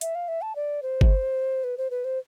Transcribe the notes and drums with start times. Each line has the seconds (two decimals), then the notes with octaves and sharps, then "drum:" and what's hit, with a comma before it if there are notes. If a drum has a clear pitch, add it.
0.01 E5, drum: hi-hat
0.15 F5
0.28 E5
0.42 A5
0.56 D5
0.83 C5
1.01 drum: kick G1
1.64 B4
1.78 C5
1.91 B4
2.05 C5